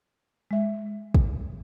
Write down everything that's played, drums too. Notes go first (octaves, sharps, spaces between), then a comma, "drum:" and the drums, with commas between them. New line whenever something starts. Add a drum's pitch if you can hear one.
G#3 E5
drum: kick